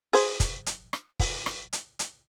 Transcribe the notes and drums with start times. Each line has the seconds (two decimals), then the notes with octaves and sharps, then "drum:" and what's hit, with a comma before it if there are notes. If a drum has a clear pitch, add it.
0.13 G#4 C5, drum: open hi-hat
0.40 drum: kick, hi-hat
0.66 drum: hi-hat
0.93 drum: rim click
1.20 drum: kick, open hi-hat
1.46 drum: rim click
1.73 drum: hi-hat
1.99 drum: hi-hat